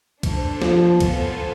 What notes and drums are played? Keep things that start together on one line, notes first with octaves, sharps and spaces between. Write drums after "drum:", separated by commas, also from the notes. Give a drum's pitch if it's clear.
D4 A4 C5, drum: kick, cymbal
F3, drum: snare
B3 F4 A4 C5 G#5, drum: kick, cymbal